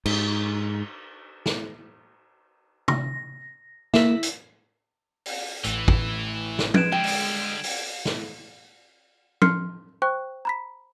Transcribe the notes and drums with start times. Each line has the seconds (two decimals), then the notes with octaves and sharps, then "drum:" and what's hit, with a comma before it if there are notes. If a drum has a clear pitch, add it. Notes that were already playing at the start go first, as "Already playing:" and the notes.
0.06 G#2, drum: cymbal
1.46 drum: snare
2.88 A#6, drum: tom
3.94 A#3 E4 E5, drum: snare
4.23 drum: hi-hat
5.26 drum: open hi-hat
5.64 A1 A2 E3, drum: hi-hat
5.88 drum: kick
6.59 drum: snare
6.74 G#3 B4 G#6 D7 E7, drum: tom
6.92 D3 G3 G5
7.04 drum: open hi-hat
7.64 drum: open hi-hat
8.05 drum: snare
9.42 C6 F6 C7 C#7, drum: tom
10.02 C5 G5 C#6 F#6
10.45 A#5 B5 B6